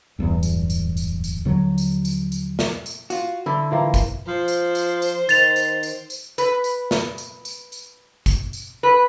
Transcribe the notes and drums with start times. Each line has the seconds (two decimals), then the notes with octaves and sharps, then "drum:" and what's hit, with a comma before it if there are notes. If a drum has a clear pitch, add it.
0.19 D1 G#1 E2 G2
0.43 drum: tambourine
0.70 drum: tambourine
0.97 drum: tambourine
1.24 drum: tambourine
1.45 D#2 D3 F3 F#3
1.78 drum: tambourine
2.05 drum: tambourine
2.32 drum: tambourine
2.59 drum: snare
2.86 drum: tambourine
3.10 F4 F#4, drum: tambourine
3.46 D3 E4
3.71 E3 F3 A#3
3.94 drum: kick G1, tambourine
4.27 F3 C5
4.48 drum: tambourine
4.75 drum: tambourine
5.02 drum: tambourine
5.29 D#3 A6 F7, drum: tambourine
5.56 drum: tambourine
5.83 drum: tambourine
6.10 drum: tambourine
6.38 B4, drum: tambourine
6.64 drum: tambourine
6.91 drum: snare
7.18 drum: tambourine
7.45 drum: tambourine
7.72 drum: tambourine
8.26 drum: kick G1, tambourine
8.53 drum: tambourine
8.83 B4